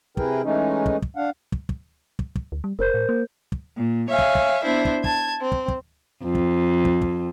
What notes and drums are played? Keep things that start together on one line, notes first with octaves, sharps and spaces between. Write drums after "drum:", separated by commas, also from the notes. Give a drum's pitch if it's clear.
C3 E4 G#4 A#4 B4 G5, drum: kick
E3 G#3 A3 C#4 D#4
drum: kick
drum: kick
D4 F5 F#5
drum: kick
drum: kick
drum: kick
drum: kick
D2
G3
F#1 A#4 C5 G6
A2
A#3
drum: kick
A#2
C#5 E5 F5 G#5
drum: kick
drum: kick
B3 D4 E4 C5 E5
drum: kick
A5 G#6, drum: kick
C4
drum: kick
drum: kick
F2
drum: kick
drum: kick
drum: kick